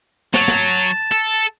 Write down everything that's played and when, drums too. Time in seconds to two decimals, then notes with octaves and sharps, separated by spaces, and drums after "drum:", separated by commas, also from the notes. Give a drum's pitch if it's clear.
0.34 F#3 A5, drum: snare
0.48 drum: snare
1.12 A4